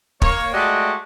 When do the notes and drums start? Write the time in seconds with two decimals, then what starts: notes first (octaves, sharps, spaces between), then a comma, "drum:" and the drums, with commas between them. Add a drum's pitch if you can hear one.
0.22 A#3 C#5, drum: kick
0.53 G#3 A3 F#4 G4 D5 D#5